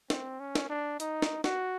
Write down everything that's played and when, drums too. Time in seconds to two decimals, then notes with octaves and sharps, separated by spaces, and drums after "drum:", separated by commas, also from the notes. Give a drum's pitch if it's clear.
0.10 C4, drum: snare
0.40 C#4
0.55 drum: snare
0.70 D4
1.00 D#4, drum: hi-hat
1.22 drum: snare
1.44 F#4, drum: snare